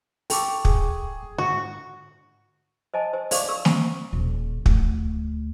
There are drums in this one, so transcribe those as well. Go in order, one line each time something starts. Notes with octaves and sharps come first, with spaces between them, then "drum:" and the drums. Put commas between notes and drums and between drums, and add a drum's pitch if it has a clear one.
A4 G5 C#6 D6, drum: open hi-hat
G#4, drum: kick
G#2 D3 F#4 C#6
C5 D#5 G#5 A5
C5
C5 D5 F5 C#6 D6, drum: open hi-hat
A#4 C#6 E6
C5, drum: snare
D#1
D2, drum: kick